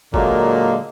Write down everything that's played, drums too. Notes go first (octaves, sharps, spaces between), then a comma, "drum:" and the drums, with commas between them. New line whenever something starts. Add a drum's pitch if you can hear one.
A#2 D3 F#3 G#3 A#3, drum: kick F#1